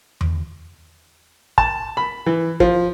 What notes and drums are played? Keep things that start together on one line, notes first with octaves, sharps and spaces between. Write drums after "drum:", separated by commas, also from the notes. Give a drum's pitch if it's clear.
drum: tom E2
A5, drum: kick
B5
E3
F3, drum: kick